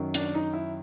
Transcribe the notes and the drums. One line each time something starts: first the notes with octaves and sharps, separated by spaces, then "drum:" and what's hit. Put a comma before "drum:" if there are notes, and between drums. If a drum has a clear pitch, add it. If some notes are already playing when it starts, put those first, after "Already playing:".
Already playing: F#2 D#3 F#3
D4, drum: hi-hat
D#4
E4